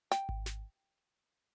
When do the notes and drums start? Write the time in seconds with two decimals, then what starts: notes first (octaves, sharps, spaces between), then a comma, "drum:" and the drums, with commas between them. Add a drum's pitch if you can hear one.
0.12 G5, drum: snare
0.29 drum: kick G#1
0.46 drum: snare